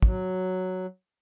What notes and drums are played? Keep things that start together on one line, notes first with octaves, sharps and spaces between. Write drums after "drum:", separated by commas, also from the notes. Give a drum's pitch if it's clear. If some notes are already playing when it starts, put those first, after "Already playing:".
F#3, drum: kick